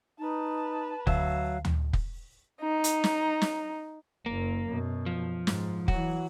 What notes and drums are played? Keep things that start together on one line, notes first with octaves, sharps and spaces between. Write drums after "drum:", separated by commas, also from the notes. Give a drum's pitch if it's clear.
D#4 B4 A5
D2 F#3 E5 F5, drum: kick
drum: tom D2
drum: kick
D#4
drum: hi-hat
drum: snare
drum: snare
F#1 A#3
F#2 B2
F3
G#2, drum: snare
E3 F#3 F#4, drum: kick